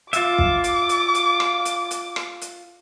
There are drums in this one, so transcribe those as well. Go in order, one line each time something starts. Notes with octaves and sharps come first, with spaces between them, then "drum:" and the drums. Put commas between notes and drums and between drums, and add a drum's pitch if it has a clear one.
F4 E5 D6, drum: hi-hat
drum: kick
drum: hi-hat
drum: hi-hat
drum: hi-hat
drum: rim click
drum: hi-hat
drum: hi-hat
drum: rim click
drum: hi-hat